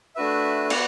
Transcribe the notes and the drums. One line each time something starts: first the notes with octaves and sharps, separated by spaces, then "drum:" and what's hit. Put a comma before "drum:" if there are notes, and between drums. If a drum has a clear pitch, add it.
A3 D4 F#4 B4 E5
B3 F#4 D5 F#5, drum: cymbal